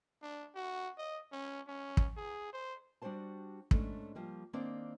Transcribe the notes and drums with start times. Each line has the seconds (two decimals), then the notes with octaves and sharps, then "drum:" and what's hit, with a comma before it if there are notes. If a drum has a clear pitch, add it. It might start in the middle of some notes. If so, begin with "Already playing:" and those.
0.22 D4
0.55 F#4
0.98 D#5
1.32 C#4
1.67 C#4
1.97 drum: kick
2.17 G#4
2.53 C5
3.02 G3 D4 F#4 G4 C5 A5
3.71 G#2 A3 C#4 D4, drum: kick
4.15 F3 G3 A#3
4.53 D#3 A#3 C4 D4 C5 D5